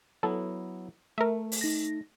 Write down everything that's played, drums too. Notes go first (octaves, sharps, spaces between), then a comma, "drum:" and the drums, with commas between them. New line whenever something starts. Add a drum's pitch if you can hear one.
F#3 B3 E4 A4
A3 A#4 E5
drum: open hi-hat
D#4 A#6